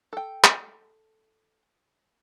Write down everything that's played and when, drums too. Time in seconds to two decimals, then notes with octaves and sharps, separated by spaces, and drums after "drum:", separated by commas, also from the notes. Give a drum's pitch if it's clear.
0.13 A4 G5
0.44 drum: clap